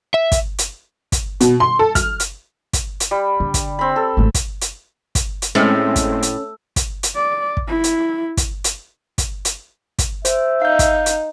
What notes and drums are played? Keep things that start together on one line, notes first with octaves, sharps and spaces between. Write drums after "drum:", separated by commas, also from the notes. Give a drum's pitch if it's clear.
E5
drum: kick, hi-hat
drum: hi-hat
drum: kick, hi-hat
B2, drum: hi-hat
C6
A4
F6, drum: kick, hi-hat
drum: hi-hat
drum: kick, hi-hat
drum: hi-hat
G3
D3
drum: kick, hi-hat
C4 B5
A4
G#1 A3
drum: kick, hi-hat
drum: hi-hat
drum: kick, hi-hat
drum: hi-hat
A2 G#3 A3 C4 C#4
drum: kick, hi-hat
drum: hi-hat
drum: kick, hi-hat
drum: hi-hat
D5
drum: kick
E4
drum: hi-hat
drum: kick, hi-hat
drum: hi-hat
drum: kick, hi-hat
drum: hi-hat
drum: kick, hi-hat
C5 E5, drum: hi-hat
D#4 F5 G6
drum: kick, hi-hat
drum: hi-hat